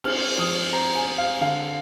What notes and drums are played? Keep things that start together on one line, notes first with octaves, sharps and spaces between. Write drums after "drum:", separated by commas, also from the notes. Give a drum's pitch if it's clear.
C4 F6, drum: cymbal
F3 D#6
C4 A#5
G#5
C4
F5
D3 F5